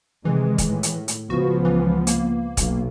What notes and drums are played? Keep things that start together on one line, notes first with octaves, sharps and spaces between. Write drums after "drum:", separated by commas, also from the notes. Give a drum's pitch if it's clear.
C3 D#3 E3 G#3
drum: kick, hi-hat
A2
drum: hi-hat
drum: hi-hat
C#2 F3 B3 F#4
E3
A#3, drum: hi-hat
B1, drum: kick, hi-hat